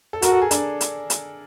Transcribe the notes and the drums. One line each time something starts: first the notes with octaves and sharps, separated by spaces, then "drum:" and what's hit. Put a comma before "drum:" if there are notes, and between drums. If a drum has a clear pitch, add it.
A4
F#4 A#4, drum: hi-hat
A4
G#4
D4, drum: hi-hat
drum: hi-hat
drum: hi-hat